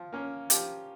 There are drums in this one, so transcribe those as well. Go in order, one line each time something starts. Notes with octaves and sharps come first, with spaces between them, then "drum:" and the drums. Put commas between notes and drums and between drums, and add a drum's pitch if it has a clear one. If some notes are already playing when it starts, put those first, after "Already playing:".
Already playing: F3
A#3 C#4
F3 G4, drum: hi-hat